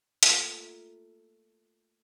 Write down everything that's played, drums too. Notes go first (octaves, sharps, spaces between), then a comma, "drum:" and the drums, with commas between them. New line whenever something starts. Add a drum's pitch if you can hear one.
A3 A#3 F4, drum: hi-hat